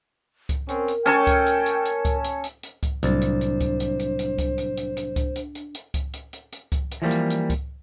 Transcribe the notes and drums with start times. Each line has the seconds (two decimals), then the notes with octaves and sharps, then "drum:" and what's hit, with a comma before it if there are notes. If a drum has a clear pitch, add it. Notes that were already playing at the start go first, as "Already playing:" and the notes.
0.49 drum: kick C#2, hi-hat
0.69 C4 C#4 A#4, drum: hi-hat
0.88 drum: hi-hat
1.06 C#4 A4 C#5 G5, drum: hi-hat
1.27 drum: kick C#2, hi-hat
1.46 drum: hi-hat
1.66 drum: hi-hat
1.85 drum: hi-hat
2.05 drum: kick C#2, hi-hat
2.24 drum: hi-hat
2.44 drum: hi-hat
2.63 drum: hi-hat
2.83 drum: kick C#2, hi-hat
3.03 C2 A2 F#3 D4 C5 A6, drum: hi-hat
3.22 drum: hi-hat
3.41 drum: hi-hat
3.60 drum: kick C#2, hi-hat
3.80 drum: hi-hat
3.99 drum: hi-hat
4.19 drum: hi-hat
4.38 drum: kick C#2, hi-hat
4.58 drum: hi-hat
4.77 drum: hi-hat
4.97 drum: hi-hat
5.16 drum: kick C#2, hi-hat
5.36 drum: hi-hat
5.55 drum: hi-hat
5.75 drum: hi-hat
5.94 drum: kick C#2, hi-hat
6.13 drum: hi-hat
6.33 drum: hi-hat
6.52 drum: hi-hat
6.72 drum: kick C#2, hi-hat
6.91 drum: hi-hat
7.02 E3 F3 G3 A3 A#3
7.11 drum: hi-hat
7.30 drum: hi-hat
7.50 drum: kick C#2, hi-hat